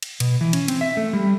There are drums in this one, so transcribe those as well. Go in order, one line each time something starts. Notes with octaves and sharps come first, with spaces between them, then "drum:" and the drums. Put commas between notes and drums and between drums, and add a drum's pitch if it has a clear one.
drum: cymbal
B2, drum: cymbal
E3
C#4, drum: cymbal
C4, drum: cymbal
E5
A3
G3